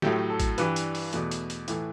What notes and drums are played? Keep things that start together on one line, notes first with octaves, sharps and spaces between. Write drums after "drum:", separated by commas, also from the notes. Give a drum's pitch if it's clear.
A2 F#3 A3 G4, drum: snare
A4
drum: kick, hi-hat
G2 E3 G3 B4, drum: hi-hat
drum: hi-hat
drum: open hi-hat
E2 B2 A3, drum: hi-hat
drum: hi-hat
drum: hi-hat
A2 E3 A3, drum: hi-hat